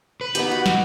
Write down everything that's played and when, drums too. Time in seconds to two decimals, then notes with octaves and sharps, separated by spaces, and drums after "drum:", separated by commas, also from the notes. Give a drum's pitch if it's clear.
0.21 B4
0.35 B3 D#4 G4, drum: hi-hat
0.51 F#4
0.66 drum: snare